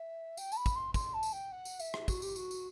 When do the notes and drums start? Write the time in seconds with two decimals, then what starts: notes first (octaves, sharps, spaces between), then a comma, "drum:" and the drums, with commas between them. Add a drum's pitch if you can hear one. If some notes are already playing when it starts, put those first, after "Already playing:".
Already playing: E5
0.37 G5, drum: tambourine
0.52 A5, drum: tambourine
0.56 B5
0.66 drum: kick, tambourine
0.75 C6
0.94 C6, drum: kick, tambourine
1.13 A5
1.23 drum: tambourine
1.32 G5
1.51 F#5
1.65 drum: tambourine
1.80 E5, drum: tambourine
1.94 drum: rim click
2.08 F#4, drum: kick, tambourine
2.22 G4, drum: tambourine
2.36 F#4, drum: tambourine
2.51 drum: tambourine